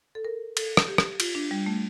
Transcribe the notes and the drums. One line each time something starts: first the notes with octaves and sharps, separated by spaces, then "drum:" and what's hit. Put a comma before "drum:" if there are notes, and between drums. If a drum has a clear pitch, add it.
A4
A#4
A4, drum: cymbal
drum: rim click
G4
drum: rim click
F4, drum: cymbal
D4
G3
A3